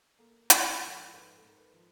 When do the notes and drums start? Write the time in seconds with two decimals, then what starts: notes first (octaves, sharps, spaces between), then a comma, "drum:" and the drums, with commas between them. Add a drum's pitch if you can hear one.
0.19 A#3 A4
0.50 G#2, drum: hi-hat
0.65 G#4 A#4
0.81 F3
1.11 G#2 A4 B4
1.37 G#2 A4
1.47 A#4
1.58 A4 B4
1.74 F3